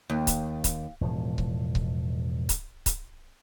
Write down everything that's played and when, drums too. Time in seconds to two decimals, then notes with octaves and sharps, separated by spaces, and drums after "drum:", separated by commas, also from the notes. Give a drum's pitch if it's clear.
0.10 D#2
0.27 drum: kick C#1, hi-hat
0.64 drum: kick C#1, hi-hat
1.01 E1 A2 F3
1.38 drum: kick C#1
1.75 drum: kick C#1
2.49 drum: kick C#1, hi-hat
2.86 drum: kick C#1, hi-hat